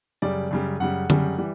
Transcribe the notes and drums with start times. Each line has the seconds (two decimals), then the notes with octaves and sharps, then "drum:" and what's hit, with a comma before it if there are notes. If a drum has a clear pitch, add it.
0.22 F#2 C#3 G3 D5
0.51 F#2 C#3 G3
0.80 F#2 C#3 G3 F#5
1.10 F#2 C#3 G3, drum: tom D3
1.38 E3 G3